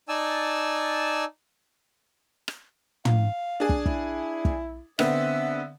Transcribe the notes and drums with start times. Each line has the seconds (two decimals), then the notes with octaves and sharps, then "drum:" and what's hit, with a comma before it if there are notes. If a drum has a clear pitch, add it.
0.09 D#4 D5 G#5 A5 E6
2.48 drum: rim click
3.05 F5, drum: tom
3.60 D4 G#4
3.69 drum: kick
3.86 E4, drum: kick
4.45 drum: kick
4.99 D3 B3 C4 E5, drum: rim click